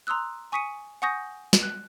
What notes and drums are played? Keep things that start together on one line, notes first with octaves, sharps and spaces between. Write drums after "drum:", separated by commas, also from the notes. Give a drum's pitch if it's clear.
A#5 C6 D#6 E6 F#6
G#5 C#6 D#6 B6 C#7 D#7
F#5 G#5 C#6 D#6 G6 A#6
drum: snare
F#6